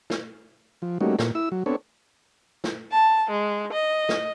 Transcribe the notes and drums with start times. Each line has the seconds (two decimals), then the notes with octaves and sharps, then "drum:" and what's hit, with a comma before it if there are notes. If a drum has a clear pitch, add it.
0.10 drum: snare
0.82 F3
1.01 G3 A3 A#3 C#4 D#4 F#4
1.19 A#2, drum: snare
1.35 E4 E6
1.52 F#3
1.66 B3 C4 D4 A4 C#5
2.64 drum: snare
2.91 A5
3.30 G#3
3.73 D#5
4.09 drum: snare